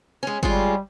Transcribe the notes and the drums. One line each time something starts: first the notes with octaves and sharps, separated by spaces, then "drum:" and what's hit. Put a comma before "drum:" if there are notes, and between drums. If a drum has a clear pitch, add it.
G#3 C#4
G3 G#3 C#4 F4, drum: kick G1